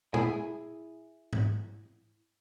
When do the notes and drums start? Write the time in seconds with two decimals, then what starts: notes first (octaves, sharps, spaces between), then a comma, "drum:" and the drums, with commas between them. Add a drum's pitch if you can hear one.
0.14 E4 G#4 G#5, drum: tom
1.33 drum: tom G#2